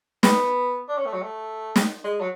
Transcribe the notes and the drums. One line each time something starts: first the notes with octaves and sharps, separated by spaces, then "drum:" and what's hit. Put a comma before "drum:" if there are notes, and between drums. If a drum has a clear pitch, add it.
B3, drum: snare
D4
C#4
A3
F#3
A3
drum: snare
G#3
F#3